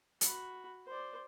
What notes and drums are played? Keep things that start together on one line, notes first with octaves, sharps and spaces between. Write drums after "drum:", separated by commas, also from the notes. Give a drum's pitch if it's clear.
F#4 B5, drum: hi-hat
C5 D5